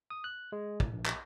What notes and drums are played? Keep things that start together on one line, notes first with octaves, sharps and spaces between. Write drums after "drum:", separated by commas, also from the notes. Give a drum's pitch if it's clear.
D#6
F#6
G#3
A2, drum: kick
A#1
drum: clap